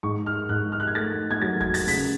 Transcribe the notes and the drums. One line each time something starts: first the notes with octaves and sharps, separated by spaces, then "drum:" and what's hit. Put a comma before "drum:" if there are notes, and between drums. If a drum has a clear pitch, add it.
G#2 C#6
F6
G#2 F#6
F6
F#6
G#6
A3 A6
G#6
F#3 A6
G#6, drum: kick E2
A6, drum: open hi-hat
C#3 B6, drum: open hi-hat